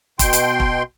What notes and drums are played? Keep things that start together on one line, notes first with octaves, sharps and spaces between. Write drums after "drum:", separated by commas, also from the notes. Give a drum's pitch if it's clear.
B2 G5 C6, drum: kick E1, hi-hat
drum: hi-hat
drum: kick E1